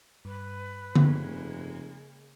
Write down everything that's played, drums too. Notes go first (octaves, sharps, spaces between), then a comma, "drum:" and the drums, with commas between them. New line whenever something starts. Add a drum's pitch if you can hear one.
G2 B4
F1 C#3 G#3 A#3, drum: tom D3